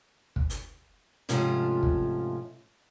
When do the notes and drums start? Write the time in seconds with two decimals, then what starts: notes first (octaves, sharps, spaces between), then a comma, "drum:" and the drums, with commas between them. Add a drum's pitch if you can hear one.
0.36 drum: kick
0.50 drum: hi-hat
1.29 G#2 C3 F3 A3 C#4 F4, drum: hi-hat
1.83 drum: kick